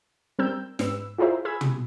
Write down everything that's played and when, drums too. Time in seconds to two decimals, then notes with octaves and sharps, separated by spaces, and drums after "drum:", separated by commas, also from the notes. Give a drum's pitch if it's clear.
0.39 G3 C4 A#4 E6 G6
0.79 G#2 B4 E6, drum: snare
1.18 E4 F4 G#4 A#4 C5 E5
1.45 G#4 B5 E6 G#6
1.61 drum: tom